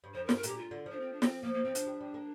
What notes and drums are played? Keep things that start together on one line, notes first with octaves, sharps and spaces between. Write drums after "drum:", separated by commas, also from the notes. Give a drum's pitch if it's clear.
G2
F2 C5
A#4
G2, drum: snare
A#4
A#2 G4, drum: hi-hat
F4
D3
F3
D4
C4
D4
C4, drum: snare
F3 A#3
A#3
F3 C4
F3 D4, drum: hi-hat
G3
G3
A#3